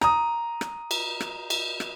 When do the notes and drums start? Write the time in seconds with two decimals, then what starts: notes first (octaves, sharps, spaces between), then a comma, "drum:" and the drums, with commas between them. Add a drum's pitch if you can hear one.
0.01 A#5 D#6, drum: rim click
0.61 drum: rim click
0.91 drum: cymbal
1.20 drum: rim click
1.50 drum: cymbal
1.80 drum: rim click